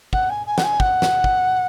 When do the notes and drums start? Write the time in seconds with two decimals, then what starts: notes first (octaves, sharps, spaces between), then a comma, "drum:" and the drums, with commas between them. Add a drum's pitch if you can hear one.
0.13 F#5, drum: kick
0.30 G#5
0.46 G#5
0.58 F#5, drum: snare
0.64 G#5
0.80 F#5, drum: kick
1.02 drum: snare
1.24 drum: kick